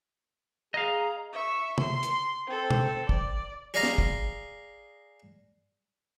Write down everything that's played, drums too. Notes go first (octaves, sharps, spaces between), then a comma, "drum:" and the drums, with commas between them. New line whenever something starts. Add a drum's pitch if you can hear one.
G#4 D#5 F5 A#5
E5 C#6
C6, drum: tom
drum: hi-hat
C4 A4
drum: tom B2
D5, drum: kick
G#4 D5 D#5 F5 G#5 A#5
drum: snare
drum: kick